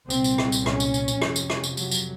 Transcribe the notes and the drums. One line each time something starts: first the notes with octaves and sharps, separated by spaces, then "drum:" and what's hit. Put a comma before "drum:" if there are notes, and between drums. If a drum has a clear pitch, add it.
C2 A#2 C4, drum: tambourine
drum: tambourine
drum: rim click
drum: tambourine
C#4, drum: rim click
drum: tambourine
drum: tambourine
drum: tambourine
F2 C3, drum: rim click
drum: tambourine
drum: rim click
drum: tambourine
F#3, drum: tambourine
drum: tambourine